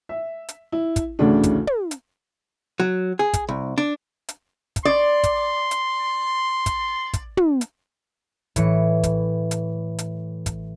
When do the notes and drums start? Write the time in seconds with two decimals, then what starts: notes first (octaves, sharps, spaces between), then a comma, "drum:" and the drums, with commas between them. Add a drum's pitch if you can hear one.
0.09 E5
0.49 drum: hi-hat
0.72 E4
0.96 drum: kick, hi-hat
1.19 D2 A2 C#3 E3 A3 D4
1.44 drum: kick, hi-hat
1.67 drum: tom
1.91 drum: hi-hat
2.80 F#3
3.19 G#4
3.34 drum: kick, hi-hat
3.49 C2
3.78 D4
4.29 drum: hi-hat
4.76 drum: kick, hi-hat
4.85 D5 C6
5.24 drum: kick, hi-hat
5.71 drum: hi-hat
6.66 drum: kick, hi-hat
7.14 drum: kick, hi-hat
7.37 drum: tom
7.61 drum: hi-hat
8.56 A2 E3 C#7, drum: kick, hi-hat
9.04 drum: kick, hi-hat
9.51 drum: hi-hat
9.99 drum: hi-hat
10.46 drum: kick, hi-hat